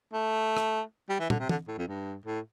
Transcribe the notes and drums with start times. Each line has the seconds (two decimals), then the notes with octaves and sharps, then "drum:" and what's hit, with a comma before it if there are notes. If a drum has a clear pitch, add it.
0.13 A3
0.57 drum: rim click
1.10 G3
1.20 E3
1.30 D3, drum: tom
1.39 C3
1.49 D3, drum: tom
1.68 A2
1.78 F2
1.88 G2
2.26 A2